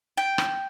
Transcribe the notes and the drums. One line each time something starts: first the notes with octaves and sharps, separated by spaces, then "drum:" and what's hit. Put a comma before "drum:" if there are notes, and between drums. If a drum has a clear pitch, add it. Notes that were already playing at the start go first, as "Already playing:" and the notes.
G5
drum: rim click